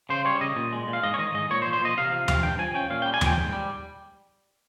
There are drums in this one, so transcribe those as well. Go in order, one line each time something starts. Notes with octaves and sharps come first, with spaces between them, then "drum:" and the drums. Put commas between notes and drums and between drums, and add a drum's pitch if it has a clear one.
C#3 C5
G3 C#5
C#3 D#5
A#2
G#3
A#2
F5
G#2 D#5
C#5
D#3 D#5
G#2 D#5
A#2 C#5
C5
F3
C5
A#2 D#5
C3 F5
F3 F5
C3 F5, drum: tom D#2
G2 G5
F3 G#5
C#4 G5
A#2 F5
G5
G3
G#5
A#2 G5, drum: tom D#2
G#2
G3